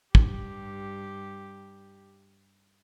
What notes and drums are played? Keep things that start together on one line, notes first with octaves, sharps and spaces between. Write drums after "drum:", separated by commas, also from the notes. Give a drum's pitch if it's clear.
G2 G4, drum: kick